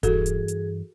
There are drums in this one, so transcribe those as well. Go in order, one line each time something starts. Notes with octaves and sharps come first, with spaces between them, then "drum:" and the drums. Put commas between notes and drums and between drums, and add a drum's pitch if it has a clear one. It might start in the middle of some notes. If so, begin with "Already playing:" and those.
G2 E3 F#4 G#4 A4, drum: kick D#1, hi-hat
drum: hi-hat
drum: hi-hat